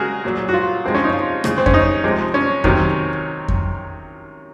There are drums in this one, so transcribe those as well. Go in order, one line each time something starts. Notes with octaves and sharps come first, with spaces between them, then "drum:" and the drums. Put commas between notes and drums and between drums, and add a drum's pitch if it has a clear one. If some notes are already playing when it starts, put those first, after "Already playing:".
Already playing: C#3 G#3 F#4 G#4 A#4
A#2 F#3
F#4
F4
C3 F3 G#3 C4
C#4
D#4
F4
C#3 G#3, drum: rim click
C4
C#4, drum: kick F2
D#4
C3 F3 G#3
C#4
C3 D#3 F#3, drum: kick F2
drum: kick F2